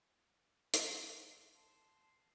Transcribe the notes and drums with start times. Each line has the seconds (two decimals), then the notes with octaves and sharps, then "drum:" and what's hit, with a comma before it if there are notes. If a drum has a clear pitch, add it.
0.74 drum: hi-hat
1.55 A5 C6